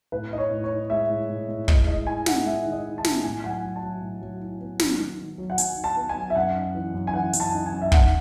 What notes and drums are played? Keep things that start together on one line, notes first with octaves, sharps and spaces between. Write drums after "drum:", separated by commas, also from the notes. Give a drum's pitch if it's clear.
A2 B4
D#4 D#5
C#5
A2
C#5
D#4
G#3 E5
A2
A2
A2
G#3 D#5, drum: kick
E4 D#5
E4 G#5
E4 F#5, drum: snare
G#3 E5
D#3
D#5
D#3
A5
E4, drum: snare
A2 G#5
F#3 F#5
G#5
F#3
A5
F#3
A2
F#3
E4
B3
F#3, drum: snare
D#3
D#3
F#3
F#5
F#3 G#5, drum: hi-hat
D#3
A5
B3
G#5
F#3
E5
F#2 F#5
D#4
E3
F#2
G#5
E3 F#5
F#2, drum: hi-hat
A5
D#4
G#5
F#2
E5
D#3 F#5, drum: kick